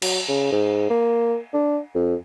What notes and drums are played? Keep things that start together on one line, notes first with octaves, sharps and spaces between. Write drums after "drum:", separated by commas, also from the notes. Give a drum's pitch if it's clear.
F#3, drum: cymbal
C#3
G#2
A#3
D4
F2